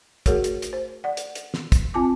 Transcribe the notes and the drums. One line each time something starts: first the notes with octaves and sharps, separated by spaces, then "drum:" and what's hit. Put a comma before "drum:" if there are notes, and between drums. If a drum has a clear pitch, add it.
A3 F#4 G#4 A#4 C#5, drum: kick, hi-hat
drum: hi-hat
drum: hi-hat
C5
D5 F#5
drum: hi-hat
drum: hi-hat
drum: snare
drum: kick, hi-hat
C4 F4 G#5 A5 D6